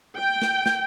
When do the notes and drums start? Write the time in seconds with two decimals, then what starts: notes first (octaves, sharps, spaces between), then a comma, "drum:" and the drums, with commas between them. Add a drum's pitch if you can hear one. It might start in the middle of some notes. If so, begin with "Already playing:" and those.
0.17 G5
0.42 drum: snare
0.66 drum: snare